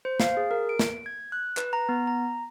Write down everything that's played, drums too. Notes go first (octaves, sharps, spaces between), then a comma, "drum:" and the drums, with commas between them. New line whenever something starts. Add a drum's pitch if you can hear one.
C5
F5, drum: snare
G#4
A#4
D7
drum: snare
G#6
F#6
B4, drum: clap
A#5
B3
A#5